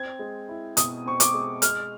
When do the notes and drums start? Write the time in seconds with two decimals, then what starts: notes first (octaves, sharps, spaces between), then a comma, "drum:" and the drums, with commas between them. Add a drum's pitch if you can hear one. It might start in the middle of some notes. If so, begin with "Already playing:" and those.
Already playing: C4 G#6
0.19 G#3
0.49 E4
0.77 B2 D#6, drum: hi-hat
1.05 C4 C#6
1.20 D6, drum: hi-hat
1.34 G#3
1.62 G#3 F6, drum: hi-hat